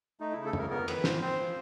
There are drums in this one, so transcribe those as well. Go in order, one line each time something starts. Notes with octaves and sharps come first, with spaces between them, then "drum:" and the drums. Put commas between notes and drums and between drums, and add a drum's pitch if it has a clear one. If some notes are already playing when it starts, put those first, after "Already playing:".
A3 D#4
C#3 E4
A4
F2, drum: tom
A#4
B3 A#4
D#3 B4, drum: cymbal
G#2 C5, drum: snare
C4 C5
F3